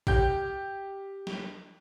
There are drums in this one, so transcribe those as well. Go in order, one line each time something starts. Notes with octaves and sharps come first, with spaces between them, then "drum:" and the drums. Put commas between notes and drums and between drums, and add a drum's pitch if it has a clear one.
G4 G6, drum: kick A1
drum: snare